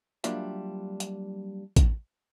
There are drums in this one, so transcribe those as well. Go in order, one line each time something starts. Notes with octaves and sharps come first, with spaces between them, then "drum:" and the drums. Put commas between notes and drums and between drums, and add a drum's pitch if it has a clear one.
F#3 G3 A#3 D4 F4 E5, drum: hi-hat
drum: hi-hat
drum: kick A1, hi-hat